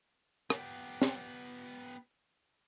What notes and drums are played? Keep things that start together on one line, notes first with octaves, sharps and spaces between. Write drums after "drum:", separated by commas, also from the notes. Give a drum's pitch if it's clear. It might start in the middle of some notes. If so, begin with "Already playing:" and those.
B3 G4, drum: rim click
drum: snare